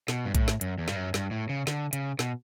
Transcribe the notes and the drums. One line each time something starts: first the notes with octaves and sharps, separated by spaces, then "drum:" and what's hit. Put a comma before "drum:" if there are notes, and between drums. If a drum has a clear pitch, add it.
B2, drum: snare
G2
A2, drum: kick A#1, hi-hat
drum: snare
F#2, drum: hi-hat
E2
G2, drum: snare
F#2
G2, drum: snare
A2
C#3
D3, drum: snare
C#3, drum: hi-hat
B2, drum: snare